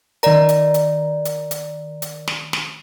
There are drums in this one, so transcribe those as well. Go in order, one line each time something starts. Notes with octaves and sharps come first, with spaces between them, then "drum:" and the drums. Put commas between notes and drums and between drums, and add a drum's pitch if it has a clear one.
D#3 A#4 D5 A#5, drum: hi-hat
drum: hi-hat
drum: hi-hat
drum: hi-hat
drum: hi-hat
drum: hi-hat
drum: snare
drum: snare